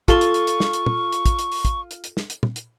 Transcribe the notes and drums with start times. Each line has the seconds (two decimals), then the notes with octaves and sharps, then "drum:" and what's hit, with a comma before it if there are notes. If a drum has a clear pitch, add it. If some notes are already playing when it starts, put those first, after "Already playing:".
0.08 F4 A4 C#6 G7, drum: kick, hi-hat
0.21 drum: hi-hat
0.34 drum: hi-hat
0.47 drum: hi-hat
0.60 drum: snare
0.73 drum: hi-hat
0.86 drum: tom
1.13 drum: hi-hat
1.26 drum: kick, hi-hat
1.39 drum: hi-hat
1.52 drum: open hi-hat
1.65 drum: kick, hi-hat
1.91 drum: hi-hat
2.04 drum: hi-hat
2.17 drum: snare
2.30 drum: hi-hat
2.43 drum: tom
2.56 drum: hi-hat